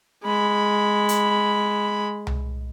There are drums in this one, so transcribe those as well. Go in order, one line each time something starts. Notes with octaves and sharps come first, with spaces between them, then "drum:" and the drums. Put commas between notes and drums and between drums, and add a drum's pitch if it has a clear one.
G#3 B5
drum: hi-hat
drum: tom C2